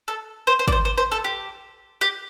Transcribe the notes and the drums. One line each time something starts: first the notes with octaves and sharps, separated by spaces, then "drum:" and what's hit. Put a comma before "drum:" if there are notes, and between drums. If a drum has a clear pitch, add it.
A4
C5
C5
D5, drum: kick
C5
C5
C5
A4
G4
G4